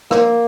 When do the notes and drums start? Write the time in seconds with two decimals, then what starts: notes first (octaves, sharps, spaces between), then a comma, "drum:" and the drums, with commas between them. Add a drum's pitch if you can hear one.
0.11 A#3, drum: rim click